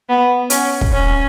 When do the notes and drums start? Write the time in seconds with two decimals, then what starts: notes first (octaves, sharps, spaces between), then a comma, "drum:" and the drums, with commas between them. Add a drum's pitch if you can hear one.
0.09 B3
0.50 C#4, drum: hi-hat
0.81 drum: kick
0.92 C#4